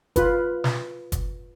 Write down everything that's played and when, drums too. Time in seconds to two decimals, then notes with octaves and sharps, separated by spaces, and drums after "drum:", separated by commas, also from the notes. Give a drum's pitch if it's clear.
0.16 F4 B4, drum: kick F#1, hi-hat
0.64 drum: snare
1.12 drum: kick F#1, hi-hat